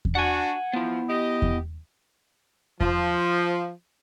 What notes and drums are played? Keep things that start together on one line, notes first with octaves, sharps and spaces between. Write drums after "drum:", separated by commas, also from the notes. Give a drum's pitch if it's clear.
drum: kick E2
D4 F#4 F#5 G#5
F3 B3 E4
G4 D#5
drum: kick E2
F3, drum: kick E2